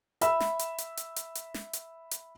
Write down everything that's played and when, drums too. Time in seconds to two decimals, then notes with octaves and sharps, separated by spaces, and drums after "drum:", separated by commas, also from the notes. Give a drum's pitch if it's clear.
0.21 E5 B5 E6, drum: hi-hat
0.40 drum: snare
0.59 drum: hi-hat
0.78 drum: hi-hat
0.97 drum: hi-hat
1.16 drum: hi-hat
1.35 drum: hi-hat
1.54 drum: snare
1.73 drum: hi-hat
2.11 drum: hi-hat